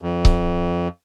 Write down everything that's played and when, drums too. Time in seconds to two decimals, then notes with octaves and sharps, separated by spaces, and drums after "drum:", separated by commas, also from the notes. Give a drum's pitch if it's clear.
0.02 F2
0.25 drum: kick C#1